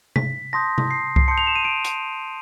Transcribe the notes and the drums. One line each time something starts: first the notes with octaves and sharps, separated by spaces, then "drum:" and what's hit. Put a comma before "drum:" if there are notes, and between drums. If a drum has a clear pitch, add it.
B6, drum: tom C3
A5 C6 D#6 G6 A#6
drum: tom C3
C7
C7, drum: kick C2
A5 C6 D#6 G6 C#7
F7
E7
D#7
D7
drum: hi-hat